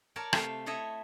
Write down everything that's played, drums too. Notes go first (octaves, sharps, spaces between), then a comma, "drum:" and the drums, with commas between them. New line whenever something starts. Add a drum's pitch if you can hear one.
A#4 C#5 D5 A5
C3 A3 A4 E5 F5 G5, drum: rim click
E4 A4 C#5 D#5 E5